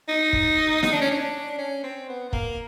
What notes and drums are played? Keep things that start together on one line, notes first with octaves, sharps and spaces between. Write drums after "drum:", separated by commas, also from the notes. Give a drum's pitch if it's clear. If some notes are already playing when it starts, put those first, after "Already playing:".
D#4
drum: kick
D#4, drum: snare
D4
C#4
D4
C#4
C4
B3
B3
A#3, drum: kick